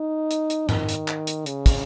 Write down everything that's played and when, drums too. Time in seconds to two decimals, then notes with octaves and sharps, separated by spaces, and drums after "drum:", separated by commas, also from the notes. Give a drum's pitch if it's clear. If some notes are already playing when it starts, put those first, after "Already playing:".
Already playing: D#4
0.31 drum: hi-hat
0.50 drum: hi-hat
0.69 D#3, drum: tom G#2
0.89 drum: hi-hat
1.08 drum: clap
1.27 drum: hi-hat
1.46 C#3, drum: hi-hat
1.66 drum: kick, hi-hat